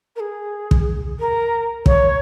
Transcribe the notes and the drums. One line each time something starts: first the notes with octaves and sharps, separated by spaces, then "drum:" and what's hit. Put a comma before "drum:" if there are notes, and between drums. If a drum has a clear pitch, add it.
A#4
G#4
drum: kick
A#4
C#5, drum: kick